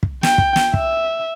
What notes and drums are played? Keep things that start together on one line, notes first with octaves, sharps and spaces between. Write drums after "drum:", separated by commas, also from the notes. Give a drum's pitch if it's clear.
drum: kick
G5, drum: snare
drum: kick
drum: snare
E5, drum: kick